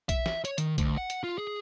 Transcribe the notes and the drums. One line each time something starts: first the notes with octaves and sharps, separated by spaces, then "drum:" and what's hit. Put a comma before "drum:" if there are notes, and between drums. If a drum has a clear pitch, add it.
E5, drum: kick A#1, hi-hat
drum: snare
C#5, drum: hi-hat
D#3, drum: hi-hat
D2, drum: kick A#1, hi-hat
F#5
drum: hi-hat
F4
G#4